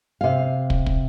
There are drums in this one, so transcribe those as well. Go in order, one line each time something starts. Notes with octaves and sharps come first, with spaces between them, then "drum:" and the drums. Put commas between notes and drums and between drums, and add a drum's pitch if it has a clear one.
C3 F5
drum: kick
drum: kick